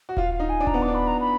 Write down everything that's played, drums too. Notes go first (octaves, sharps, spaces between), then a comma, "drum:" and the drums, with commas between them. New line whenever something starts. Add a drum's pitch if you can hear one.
F#4
F4 F5, drum: kick D#1
F5
D#4
G#5
D4
A#5, drum: kick D#1
B3
D6
D4
B5
A#5
B5